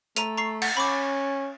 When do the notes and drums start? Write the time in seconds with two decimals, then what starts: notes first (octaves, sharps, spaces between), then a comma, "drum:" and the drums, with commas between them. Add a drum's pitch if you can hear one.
0.16 A3 A#5 D#7 F7, drum: hi-hat
0.37 A#5 C#6 C7
0.62 F#5, drum: cymbal
0.77 C#4 B5 C#6 D6